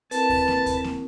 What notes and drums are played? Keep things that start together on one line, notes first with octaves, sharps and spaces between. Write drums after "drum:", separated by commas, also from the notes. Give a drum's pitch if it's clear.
C4 E4 A#4 B4 A5 A6, drum: hi-hat
drum: kick D#2, open hi-hat
drum: snare A#3
drum: kick D#2, hi-hat
drum: snare A#3